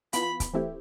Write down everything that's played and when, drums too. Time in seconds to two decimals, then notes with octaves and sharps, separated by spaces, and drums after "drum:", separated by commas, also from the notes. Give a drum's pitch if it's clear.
0.13 E3 B3 F4 B5, drum: hi-hat
0.40 drum: kick C#1, hi-hat
0.54 E3 A3 C4 E4 G4